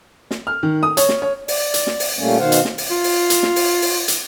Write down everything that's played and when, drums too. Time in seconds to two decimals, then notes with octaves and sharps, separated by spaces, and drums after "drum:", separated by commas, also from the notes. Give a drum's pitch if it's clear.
0.31 drum: snare
0.47 F6
0.63 D#3
0.83 D#6
0.97 C#5, drum: hi-hat
1.09 drum: snare
1.22 C#5
1.48 D5, drum: open hi-hat
1.74 drum: hi-hat
1.87 drum: snare
2.00 drum: open hi-hat
2.18 A#2 G3 A3 A#3 C#4
2.38 B2 D#3 C5 F5 F#5
2.52 drum: hi-hat
2.65 drum: snare
2.78 drum: open hi-hat
2.91 F4
3.04 drum: open hi-hat
3.30 drum: hi-hat
3.43 drum: snare
3.56 drum: open hi-hat
3.82 drum: open hi-hat
4.08 drum: hi-hat